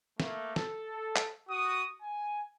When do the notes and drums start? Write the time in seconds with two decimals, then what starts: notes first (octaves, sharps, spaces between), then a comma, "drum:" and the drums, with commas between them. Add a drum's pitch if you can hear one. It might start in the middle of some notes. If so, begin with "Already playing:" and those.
0.20 A3 A#3, drum: snare
0.56 A4, drum: snare
1.16 drum: clap
1.49 F#4 D#6
2.03 G#5